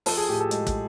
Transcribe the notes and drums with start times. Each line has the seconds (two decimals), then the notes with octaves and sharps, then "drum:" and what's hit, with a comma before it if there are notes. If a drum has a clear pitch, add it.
0.06 F3 A4, drum: open hi-hat
0.17 G#4
0.28 A2 G4
0.40 A4
0.51 G#3, drum: hi-hat
0.67 drum: kick, hi-hat